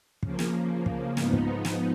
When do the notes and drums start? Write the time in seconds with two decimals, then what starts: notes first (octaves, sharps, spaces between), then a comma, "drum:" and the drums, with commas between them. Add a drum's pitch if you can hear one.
0.23 C#3 F3 A#3, drum: kick
0.39 drum: snare
0.86 drum: kick
1.17 G#2 F3 B3 D#4, drum: snare
1.33 drum: kick
1.65 drum: snare